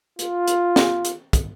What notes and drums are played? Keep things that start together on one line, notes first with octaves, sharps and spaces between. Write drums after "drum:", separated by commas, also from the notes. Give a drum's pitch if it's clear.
F4, drum: hi-hat
drum: hi-hat
drum: snare
drum: hi-hat
drum: kick, hi-hat